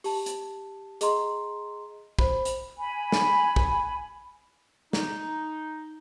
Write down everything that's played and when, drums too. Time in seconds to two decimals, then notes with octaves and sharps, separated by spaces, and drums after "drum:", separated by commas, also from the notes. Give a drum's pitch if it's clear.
0.04 G4 A5, drum: open hi-hat
0.26 drum: hi-hat
1.01 G#4 D#5 A#5 C6, drum: hi-hat
2.19 C5 B5, drum: kick
2.45 drum: hi-hat
2.78 G#5 B5
3.12 drum: snare
3.56 drum: kick
4.93 D#4, drum: snare